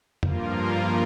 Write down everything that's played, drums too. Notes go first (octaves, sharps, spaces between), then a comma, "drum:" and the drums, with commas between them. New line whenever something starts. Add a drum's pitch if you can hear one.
G2 F3 A#3 F4 A#4, drum: tom F2